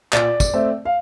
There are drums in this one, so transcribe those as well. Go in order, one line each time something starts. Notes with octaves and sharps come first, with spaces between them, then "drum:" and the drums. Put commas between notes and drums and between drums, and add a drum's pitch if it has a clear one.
A#2 D5, drum: clap
drum: kick, tambourine
A3 C4
F5